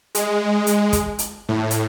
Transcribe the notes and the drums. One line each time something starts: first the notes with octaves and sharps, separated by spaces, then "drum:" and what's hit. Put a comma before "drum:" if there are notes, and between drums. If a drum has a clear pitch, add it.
G#3, drum: hi-hat
drum: hi-hat
drum: kick, hi-hat
drum: hi-hat
A2
drum: hi-hat